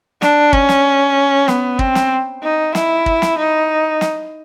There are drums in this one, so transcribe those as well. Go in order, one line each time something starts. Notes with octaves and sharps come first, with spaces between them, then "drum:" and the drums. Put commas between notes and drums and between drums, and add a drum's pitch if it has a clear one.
D4, drum: snare
C#4, drum: kick
drum: snare
B3, drum: snare
C4, drum: kick
drum: snare
D#4
E4, drum: snare
drum: kick
drum: snare
D#4
drum: snare